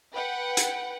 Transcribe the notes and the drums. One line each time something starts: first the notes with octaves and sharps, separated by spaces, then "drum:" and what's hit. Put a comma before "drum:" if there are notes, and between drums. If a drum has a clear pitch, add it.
B4 F#5 G5
drum: hi-hat